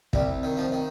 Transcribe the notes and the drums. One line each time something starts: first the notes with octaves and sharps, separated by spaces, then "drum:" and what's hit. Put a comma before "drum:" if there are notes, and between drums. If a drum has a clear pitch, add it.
C2 G3, drum: kick
D#3
F3
D#3